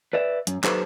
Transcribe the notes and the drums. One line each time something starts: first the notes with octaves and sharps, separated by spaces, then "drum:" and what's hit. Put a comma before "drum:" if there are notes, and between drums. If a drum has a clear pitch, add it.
B4 D5 E5
F#2, drum: hi-hat
F#3 D#4 G4 A4 B4 C5, drum: clap